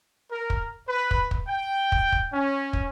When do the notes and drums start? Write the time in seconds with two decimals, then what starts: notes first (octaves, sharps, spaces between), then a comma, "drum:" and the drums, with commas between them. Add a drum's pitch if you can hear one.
0.31 A#4
0.50 drum: kick
0.88 B4
1.11 drum: kick
1.31 drum: kick
1.47 G5
1.92 drum: kick
2.12 drum: kick
2.33 C#4
2.73 drum: kick